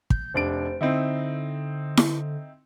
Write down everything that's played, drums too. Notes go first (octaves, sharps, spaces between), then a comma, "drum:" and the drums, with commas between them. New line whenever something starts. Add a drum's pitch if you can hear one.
G6, drum: kick
F1 D4 C5 D7
D3 C4 D#4 E4
drum: snare E4